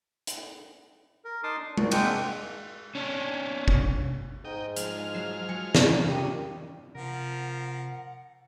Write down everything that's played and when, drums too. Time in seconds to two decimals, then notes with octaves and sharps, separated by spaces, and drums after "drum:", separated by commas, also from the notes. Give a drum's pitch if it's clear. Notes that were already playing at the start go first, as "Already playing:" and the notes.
0.27 drum: hi-hat
1.25 A#4
1.43 D#4 A5 C6 D6 D#6
1.58 D4
1.77 F#4, drum: tom G#3
1.91 G#3 A#3 C4 D4 F#5 G5, drum: cymbal
2.95 C#4 D4
3.68 drum: kick
4.45 G#2 D#5 G5
4.76 F3 G#3 F6, drum: hi-hat
5.14 F#3 C7 E7
5.49 F#3 G#5 C#7
5.75 drum: snare
6.07 A#2 C#3 G4 D#5
6.95 C3 F3 A#4 F#5